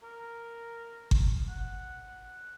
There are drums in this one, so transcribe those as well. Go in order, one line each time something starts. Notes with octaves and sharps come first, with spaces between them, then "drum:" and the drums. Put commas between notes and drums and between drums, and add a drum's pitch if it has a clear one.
A#4
drum: kick G1
F#5